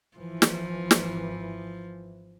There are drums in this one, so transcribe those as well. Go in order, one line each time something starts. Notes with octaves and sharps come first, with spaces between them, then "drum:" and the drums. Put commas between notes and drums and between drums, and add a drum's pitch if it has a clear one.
G#1 E3 F3
drum: snare
drum: snare